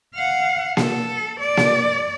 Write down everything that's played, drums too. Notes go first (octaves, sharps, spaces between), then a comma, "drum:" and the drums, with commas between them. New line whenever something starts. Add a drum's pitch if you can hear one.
F5 F#5
A4, drum: snare A#3
D5
drum: snare A#3